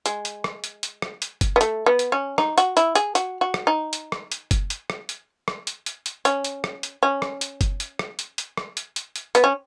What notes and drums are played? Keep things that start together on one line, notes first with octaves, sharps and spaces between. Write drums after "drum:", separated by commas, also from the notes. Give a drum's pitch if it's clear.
G#3, drum: hi-hat
drum: hi-hat
drum: rim click
drum: hi-hat
drum: hi-hat
drum: rim click
drum: hi-hat
drum: kick F#1, hi-hat
B3
A3, drum: hi-hat
B3
drum: hi-hat
C#4
D#4, drum: rim click
F#4, drum: hi-hat
E4, drum: hi-hat
G#4, drum: hi-hat
F#4, drum: hi-hat
F#4
drum: rim click
D#4
drum: hi-hat
drum: rim click
drum: hi-hat
drum: kick F#1, hi-hat
drum: hi-hat
drum: rim click
drum: hi-hat
drum: rim click
drum: hi-hat
drum: hi-hat
drum: hi-hat
C#4, drum: hi-hat
drum: hi-hat
drum: rim click
drum: hi-hat
C#4
drum: rim click
drum: hi-hat
drum: kick F#1, hi-hat
drum: hi-hat
drum: rim click
drum: hi-hat
drum: hi-hat
drum: rim click
drum: hi-hat
drum: hi-hat
drum: hi-hat
B3, drum: hi-hat
C#4